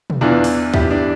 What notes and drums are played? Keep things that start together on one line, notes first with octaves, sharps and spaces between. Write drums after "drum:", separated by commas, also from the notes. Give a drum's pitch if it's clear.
drum: tom
E2 E3 D4 F4
drum: open hi-hat
E4 G4, drum: kick
D4